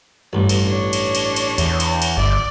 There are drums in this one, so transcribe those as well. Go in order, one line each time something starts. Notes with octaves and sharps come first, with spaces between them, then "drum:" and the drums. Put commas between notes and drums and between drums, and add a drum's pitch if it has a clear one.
A1 G2
drum: cymbal
D4 C#5
drum: cymbal
drum: cymbal
drum: cymbal
E2, drum: cymbal
drum: cymbal
drum: cymbal
G1 D5